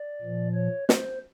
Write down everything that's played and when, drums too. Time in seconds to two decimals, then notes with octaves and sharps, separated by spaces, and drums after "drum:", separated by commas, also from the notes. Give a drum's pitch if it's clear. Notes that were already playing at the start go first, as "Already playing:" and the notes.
Already playing: D5
0.22 A#2 F3
0.55 C#5
0.89 C5, drum: snare